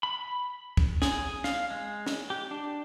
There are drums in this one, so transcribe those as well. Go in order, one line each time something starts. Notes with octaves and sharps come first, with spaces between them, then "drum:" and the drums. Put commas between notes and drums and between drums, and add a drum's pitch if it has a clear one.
B5
drum: kick
G#4, drum: snare
F5, drum: snare
G#3
drum: snare
G4
D4